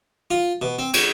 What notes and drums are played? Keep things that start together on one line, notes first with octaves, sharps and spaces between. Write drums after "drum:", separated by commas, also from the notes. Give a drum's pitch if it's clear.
F4
B2
C4
C#5, drum: cymbal